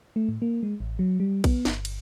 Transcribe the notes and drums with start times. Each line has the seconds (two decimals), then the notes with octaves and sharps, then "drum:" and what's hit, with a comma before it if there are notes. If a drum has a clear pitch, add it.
0.16 A3
0.29 A2
0.42 A#3
0.63 G#3
0.80 A1
0.99 F#3
1.20 G3
1.44 B3, drum: kick A#1, cymbal
1.65 G1, drum: snare
1.85 drum: cymbal